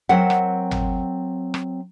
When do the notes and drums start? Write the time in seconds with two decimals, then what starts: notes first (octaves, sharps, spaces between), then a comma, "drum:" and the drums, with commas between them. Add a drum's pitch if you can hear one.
0.09 F#3 C4 A#4 E5 F#5
0.30 drum: rim click
0.71 drum: tom G#1
1.54 drum: rim click